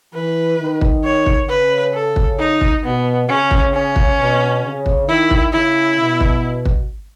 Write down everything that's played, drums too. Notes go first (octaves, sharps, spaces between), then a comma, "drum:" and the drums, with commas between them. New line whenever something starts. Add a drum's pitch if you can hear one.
E3 B4
D#3
drum: kick
C#5
drum: kick
C#3 B4
A4
drum: kick
D#4
drum: kick
B2 B3
C#3 C#4
drum: kick
C#4
drum: kick
B2
C#3
drum: kick
D#3 E4
drum: kick
C#3 E4
B2
drum: kick
drum: kick